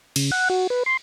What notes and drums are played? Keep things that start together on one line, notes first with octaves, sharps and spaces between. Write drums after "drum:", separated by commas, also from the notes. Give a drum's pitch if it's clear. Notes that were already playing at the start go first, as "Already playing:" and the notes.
C#3, drum: cymbal
F#5
F#4
B4
C6